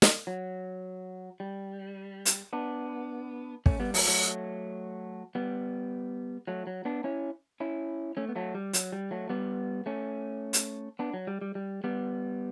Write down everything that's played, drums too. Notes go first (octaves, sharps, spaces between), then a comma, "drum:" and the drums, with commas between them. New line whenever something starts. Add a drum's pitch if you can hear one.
drum: snare
F#3
G3
drum: hi-hat
B3 D4
A3 C#4, drum: kick
G3 B3
F#3 A3, drum: open hi-hat
F#3 A3
G3 B3
F#3 A3
F#3
B3 D4
C#4 E4
C#4 E4
A3 C#4
B3
F#3 A3
G3
F#3, drum: hi-hat
G3
F#3 A3
G3 B3
A3 C#4
drum: hi-hat
B3 D4
F#3
G3
G3
G3
G3 B3